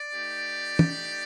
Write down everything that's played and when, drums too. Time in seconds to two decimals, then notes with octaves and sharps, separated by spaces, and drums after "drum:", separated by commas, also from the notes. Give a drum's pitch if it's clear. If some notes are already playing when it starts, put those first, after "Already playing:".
Already playing: D5
0.14 A3 D#4 G4
0.79 drum: tom